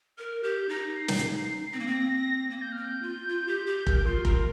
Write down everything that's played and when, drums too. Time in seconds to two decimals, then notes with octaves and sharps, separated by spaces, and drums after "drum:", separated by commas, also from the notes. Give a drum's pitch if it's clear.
0.18 A#4 F6
0.43 G4 G6
0.69 D#4 A#6
0.96 C7
1.08 drum: snare
1.73 C4 A#6
1.80 A#3
1.87 C4
2.50 A#3 A#6
2.62 G6
2.72 C4 F6
2.84 G6
3.02 F4
3.29 F4
3.48 G4
3.67 G4
3.87 A#4, drum: kick F1
4.06 F4 C6
4.25 A#4 A#5, drum: kick F1